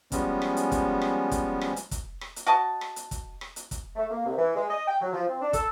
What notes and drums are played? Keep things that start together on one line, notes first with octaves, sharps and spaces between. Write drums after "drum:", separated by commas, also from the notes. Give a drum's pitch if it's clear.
F3 G3 G#3 B3 C#4, drum: kick, hi-hat
drum: rim click
drum: hi-hat
drum: kick, hi-hat
drum: rim click
drum: kick, hi-hat
drum: rim click
drum: hi-hat
drum: kick, hi-hat
drum: rim click
drum: hi-hat
F#4 D#5 A5
drum: rim click
drum: hi-hat
drum: kick, hi-hat
drum: rim click
drum: hi-hat
drum: kick, hi-hat
A3
A#3
C2
E3
G#3
D#5
G5
F#3
F3
C4
D4
A4, drum: kick, hi-hat